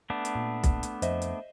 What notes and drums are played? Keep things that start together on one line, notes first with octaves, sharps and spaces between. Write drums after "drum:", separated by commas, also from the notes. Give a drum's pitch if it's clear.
A3 B3 D4
drum: hi-hat
A#2
drum: kick B1, hi-hat
drum: hi-hat
F2 C5 D#5 E5, drum: hi-hat
drum: hi-hat